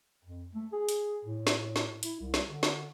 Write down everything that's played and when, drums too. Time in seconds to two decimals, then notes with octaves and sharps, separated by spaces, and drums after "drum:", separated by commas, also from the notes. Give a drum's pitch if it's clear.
0.25 F2
0.55 A3
0.72 G#4
0.89 drum: hi-hat
1.25 A2
1.47 drum: snare
1.76 drum: snare
2.03 E4, drum: hi-hat
2.20 C2
2.34 drum: snare
2.48 D3
2.63 drum: snare